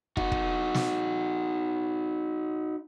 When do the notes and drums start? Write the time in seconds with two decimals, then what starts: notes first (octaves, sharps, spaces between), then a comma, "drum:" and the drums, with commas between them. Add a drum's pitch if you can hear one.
0.17 D#4 F#4, drum: kick
0.32 drum: kick
0.74 drum: snare